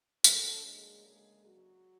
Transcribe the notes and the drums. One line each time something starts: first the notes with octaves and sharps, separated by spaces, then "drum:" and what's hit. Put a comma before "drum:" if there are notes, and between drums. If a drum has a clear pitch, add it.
D2 C#3 F#3 A3 A#3 D4 A4, drum: tambourine
G#3 G#4
G#3 G#4
F#3 F#4